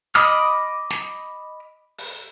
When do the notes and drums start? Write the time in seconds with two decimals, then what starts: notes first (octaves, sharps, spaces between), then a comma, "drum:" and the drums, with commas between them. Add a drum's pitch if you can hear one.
0.15 D#5 B5 D6 D#6 F6, drum: snare
0.90 drum: snare
1.98 drum: open hi-hat